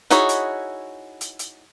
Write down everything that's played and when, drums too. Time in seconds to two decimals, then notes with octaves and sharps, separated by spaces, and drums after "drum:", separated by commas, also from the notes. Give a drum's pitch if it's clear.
0.10 D#4 E4 F#4 G#4 C#5, drum: hi-hat
0.29 drum: hi-hat
1.21 drum: hi-hat
1.39 drum: hi-hat